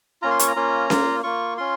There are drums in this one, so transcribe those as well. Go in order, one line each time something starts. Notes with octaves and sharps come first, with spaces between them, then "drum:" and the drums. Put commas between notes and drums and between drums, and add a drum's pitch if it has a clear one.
A#3 C#4 F4 A#5
C6
C#6, drum: hi-hat
A#5
A#3 C#4 F4
A#3 F4, drum: snare C#4
A#3 F4 C#6
C#4 F4 C6